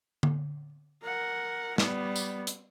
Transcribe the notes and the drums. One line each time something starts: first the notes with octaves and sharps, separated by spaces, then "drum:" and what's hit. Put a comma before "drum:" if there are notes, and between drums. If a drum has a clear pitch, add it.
drum: tom D3
A#4 F#5
G3 B3, drum: snare
drum: tambourine
drum: hi-hat